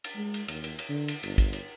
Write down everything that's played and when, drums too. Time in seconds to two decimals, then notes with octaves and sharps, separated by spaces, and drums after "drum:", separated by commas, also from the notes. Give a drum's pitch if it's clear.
0.04 drum: cymbal
0.16 G#3
0.34 drum: cymbal
0.48 D#2, drum: cymbal
0.64 drum: cymbal
0.79 drum: cymbal
0.89 D3
1.08 drum: cymbal
1.23 G1, drum: cymbal
1.38 drum: kick, cymbal
1.53 drum: cymbal